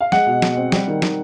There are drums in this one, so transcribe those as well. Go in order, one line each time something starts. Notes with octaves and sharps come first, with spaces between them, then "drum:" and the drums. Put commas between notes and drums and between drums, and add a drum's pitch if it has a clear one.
F5
G#3 F#5, drum: snare
B2
B2, drum: snare
C4
G3, drum: snare
D#3
D#3, drum: snare